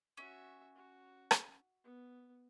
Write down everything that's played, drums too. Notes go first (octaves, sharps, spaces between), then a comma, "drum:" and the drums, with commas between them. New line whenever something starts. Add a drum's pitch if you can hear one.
C#4 F#4 E5
F#4
drum: rim click
B3